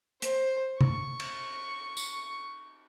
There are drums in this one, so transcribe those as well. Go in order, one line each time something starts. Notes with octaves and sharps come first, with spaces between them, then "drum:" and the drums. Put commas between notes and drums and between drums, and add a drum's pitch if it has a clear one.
C5, drum: hi-hat
C#6, drum: tom C3
drum: cymbal
drum: tambourine